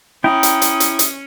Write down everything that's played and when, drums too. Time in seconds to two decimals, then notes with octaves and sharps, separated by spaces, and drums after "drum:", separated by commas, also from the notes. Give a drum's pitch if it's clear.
0.24 C#4 E4 G5 A#5 D#6
0.43 drum: hi-hat
0.62 drum: hi-hat
0.80 drum: hi-hat
0.99 drum: hi-hat